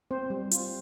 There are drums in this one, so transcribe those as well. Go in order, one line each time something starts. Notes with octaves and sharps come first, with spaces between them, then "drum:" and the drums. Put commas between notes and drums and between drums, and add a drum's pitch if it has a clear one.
C4 C5
G3
F4, drum: hi-hat